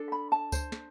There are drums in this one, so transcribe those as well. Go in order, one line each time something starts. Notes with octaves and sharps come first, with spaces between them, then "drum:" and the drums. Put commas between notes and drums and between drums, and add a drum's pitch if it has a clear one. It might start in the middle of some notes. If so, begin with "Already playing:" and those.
Already playing: D4 A4
B5
A5
C5, drum: kick C#2, tambourine
drum: snare